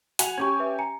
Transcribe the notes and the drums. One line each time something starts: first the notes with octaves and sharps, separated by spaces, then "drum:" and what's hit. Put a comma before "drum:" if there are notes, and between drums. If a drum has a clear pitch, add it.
F#4 F#5 G#5 F7, drum: hi-hat
C#4 G4 G#5 C#6 G#6
B4 E5
G#5 A#5 C#7